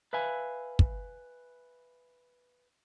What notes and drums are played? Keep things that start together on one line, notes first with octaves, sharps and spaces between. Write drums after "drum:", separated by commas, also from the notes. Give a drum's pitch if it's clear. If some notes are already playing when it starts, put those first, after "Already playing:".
B4 E5 F5 G#5
drum: kick